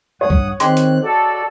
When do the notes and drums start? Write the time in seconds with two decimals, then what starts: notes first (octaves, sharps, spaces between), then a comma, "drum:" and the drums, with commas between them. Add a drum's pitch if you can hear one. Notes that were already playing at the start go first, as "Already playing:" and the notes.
0.21 G2 C#5 F#5 D#6
0.30 drum: kick
0.60 D#3 G#3 C4 G4 C6 F#6, drum: hi-hat
0.77 drum: hi-hat
1.01 F#4 A4 D5